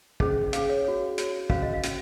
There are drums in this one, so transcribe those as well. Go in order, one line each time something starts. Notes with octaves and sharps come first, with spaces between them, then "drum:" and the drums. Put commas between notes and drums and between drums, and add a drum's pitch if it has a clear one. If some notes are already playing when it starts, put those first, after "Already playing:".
C#4 G#4 C5, drum: kick
C#4 G#4 C5 F5, drum: hi-hat
C#5
F#4 C#5
F#4 C#5, drum: hi-hat
C#4 F#4 C5 F5, drum: kick
D#5
F5
C#4 F#4 C5, drum: hi-hat